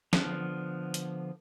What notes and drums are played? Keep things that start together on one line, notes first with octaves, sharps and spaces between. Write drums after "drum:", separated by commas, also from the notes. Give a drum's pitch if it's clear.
D3 F3 B3, drum: snare
drum: hi-hat